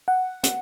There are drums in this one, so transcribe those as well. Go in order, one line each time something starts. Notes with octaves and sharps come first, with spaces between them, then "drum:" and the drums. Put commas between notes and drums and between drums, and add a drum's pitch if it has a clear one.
F#5
F#5, drum: hi-hat